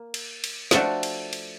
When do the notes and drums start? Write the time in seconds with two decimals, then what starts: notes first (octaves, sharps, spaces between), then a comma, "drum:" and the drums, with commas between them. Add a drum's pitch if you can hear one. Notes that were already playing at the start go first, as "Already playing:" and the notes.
Already playing: A#3
0.14 drum: cymbal
0.44 drum: cymbal
0.71 F3 A3 D4 F#4 A4, drum: snare
1.03 drum: cymbal
1.33 drum: cymbal